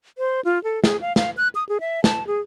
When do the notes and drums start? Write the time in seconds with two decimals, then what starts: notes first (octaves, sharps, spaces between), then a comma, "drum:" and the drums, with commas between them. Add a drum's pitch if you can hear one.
0.18 C5
0.45 F4
0.64 A4
0.84 G#4, drum: snare
1.01 F5
1.16 F5, drum: snare
1.37 F#6
1.55 D#6
1.69 G#4
1.80 E5
2.04 A5, drum: snare
2.27 G#4